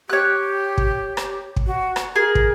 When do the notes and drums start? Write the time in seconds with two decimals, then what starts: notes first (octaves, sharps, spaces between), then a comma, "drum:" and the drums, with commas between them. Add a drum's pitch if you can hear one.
0.10 G4 C#5 F#6
0.78 drum: kick
1.17 drum: rim click
1.56 drum: kick
1.67 F#4
1.96 drum: rim click
2.16 G#4 A#4
2.35 drum: kick